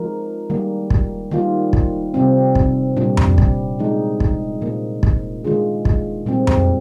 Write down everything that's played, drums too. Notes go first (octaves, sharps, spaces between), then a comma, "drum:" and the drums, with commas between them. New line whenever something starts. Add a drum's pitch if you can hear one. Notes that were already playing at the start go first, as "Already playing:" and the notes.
Already playing: F3 G#3 D#4 A#4
D#3 G3 A#3
drum: kick
D#3 G3 A#3 F4
drum: kick
C3 G3 C4
drum: kick
A#2 G3 D4
drum: tom F2
drum: kick
F3 G#3 D#4
drum: kick
A#2 F3 A#3
drum: kick
D#3 G#3 D4 F4 G#4
drum: kick
A#2 G3 C4
drum: tom F2